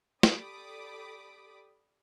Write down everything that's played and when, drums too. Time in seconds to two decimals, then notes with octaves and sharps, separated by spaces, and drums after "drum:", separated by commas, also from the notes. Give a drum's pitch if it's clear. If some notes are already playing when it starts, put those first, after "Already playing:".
0.23 G4 A4 D5 B5 D6 D#6, drum: snare